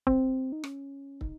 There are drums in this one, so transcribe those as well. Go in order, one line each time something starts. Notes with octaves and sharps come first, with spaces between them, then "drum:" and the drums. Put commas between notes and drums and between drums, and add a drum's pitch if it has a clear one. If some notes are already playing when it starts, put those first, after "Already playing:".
C4, drum: kick
D#4
C#4, drum: rim click
D#4, drum: kick